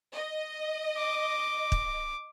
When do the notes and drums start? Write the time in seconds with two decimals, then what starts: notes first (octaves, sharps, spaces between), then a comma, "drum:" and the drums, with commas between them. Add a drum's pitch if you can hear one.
0.14 D#5
0.98 D6
1.72 drum: kick